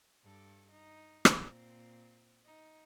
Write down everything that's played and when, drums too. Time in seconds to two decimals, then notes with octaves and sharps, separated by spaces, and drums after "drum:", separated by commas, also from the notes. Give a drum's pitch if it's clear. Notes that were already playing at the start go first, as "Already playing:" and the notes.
0.23 G2 A4
0.70 D#4
1.25 drum: rim click
1.38 A#2 C4
2.45 D#4